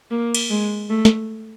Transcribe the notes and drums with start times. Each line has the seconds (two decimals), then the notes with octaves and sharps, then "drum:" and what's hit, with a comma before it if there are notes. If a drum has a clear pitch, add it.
0.11 A#3
0.34 drum: cymbal
0.50 G#3
0.89 A3
1.05 drum: snare